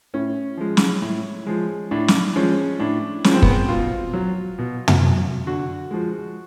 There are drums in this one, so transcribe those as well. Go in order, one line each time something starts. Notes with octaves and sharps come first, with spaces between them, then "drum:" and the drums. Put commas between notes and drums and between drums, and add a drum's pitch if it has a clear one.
A2 C#4
F3 G#3
drum: snare
A2
F3 G#3
A2 D4
drum: snare
F3 G#3 C#4
A2 D4
F3 G#3 C#4, drum: snare
C4
B3, drum: kick
C4
B2 F4
F#3
B2
drum: tom
F#3
D3 F#4
F3 G#3